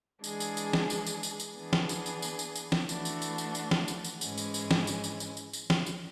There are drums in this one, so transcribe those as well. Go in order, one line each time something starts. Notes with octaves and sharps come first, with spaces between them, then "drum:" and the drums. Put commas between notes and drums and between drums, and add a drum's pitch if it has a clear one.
E3 G#3 D4 G#4, drum: tambourine
drum: tambourine
drum: tambourine
drum: snare
drum: tambourine
drum: tambourine
drum: tambourine
drum: tambourine
E3 B3 D4 G#4
drum: snare
drum: tambourine
drum: tambourine
drum: tambourine
drum: tambourine
drum: tambourine
drum: snare
E3 A3 D4 F#4, drum: tambourine
drum: tambourine
drum: tambourine
drum: tambourine
drum: tambourine
drum: snare
drum: tambourine
drum: tambourine
G#2 E3 G#3 C#4, drum: tambourine
drum: tambourine
drum: tambourine
drum: snare
drum: tambourine
drum: tambourine
drum: tambourine
drum: tambourine
drum: tambourine
drum: snare
drum: tambourine